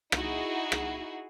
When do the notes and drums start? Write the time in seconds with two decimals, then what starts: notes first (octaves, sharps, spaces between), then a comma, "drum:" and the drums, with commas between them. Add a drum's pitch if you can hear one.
0.12 D#4 E4 F#4 G#4, drum: rim click
0.72 drum: rim click